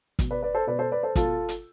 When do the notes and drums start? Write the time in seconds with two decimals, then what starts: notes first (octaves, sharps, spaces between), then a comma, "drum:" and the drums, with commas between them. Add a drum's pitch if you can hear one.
0.19 B2, drum: kick, hi-hat
0.31 B4 D5
0.43 B4 D5
0.55 A4 C5
0.67 B2 B4 D5
0.79 A4 C5
0.92 B4 D5
1.03 A4 C5
1.15 B2 F4 A4, drum: kick, hi-hat
1.49 drum: hi-hat